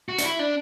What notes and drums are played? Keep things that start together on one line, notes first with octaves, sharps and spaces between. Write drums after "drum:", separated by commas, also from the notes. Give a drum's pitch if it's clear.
F#4
D4, drum: hi-hat
E4
D4